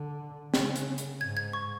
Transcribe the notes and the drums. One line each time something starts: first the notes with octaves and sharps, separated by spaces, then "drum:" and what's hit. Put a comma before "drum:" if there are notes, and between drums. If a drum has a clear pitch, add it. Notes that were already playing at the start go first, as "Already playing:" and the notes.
Already playing: D3
C#3, drum: snare
drum: hi-hat
drum: hi-hat
G#2 G#6
G#6
C#6